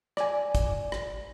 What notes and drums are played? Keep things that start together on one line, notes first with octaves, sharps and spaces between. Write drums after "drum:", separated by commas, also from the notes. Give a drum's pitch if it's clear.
D5 G#5, drum: rim click
drum: kick, hi-hat
drum: rim click